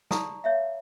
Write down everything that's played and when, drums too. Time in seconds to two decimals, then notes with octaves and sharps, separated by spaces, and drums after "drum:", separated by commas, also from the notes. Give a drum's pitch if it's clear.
0.11 D5 A5 A#5 C#6 D#6, drum: snare
0.44 C#5 E5 F5